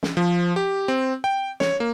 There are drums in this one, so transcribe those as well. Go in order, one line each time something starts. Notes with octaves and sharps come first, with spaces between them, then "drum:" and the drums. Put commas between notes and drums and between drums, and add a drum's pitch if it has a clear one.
drum: snare
F3
G4
C4
G5
C#5, drum: snare
A#3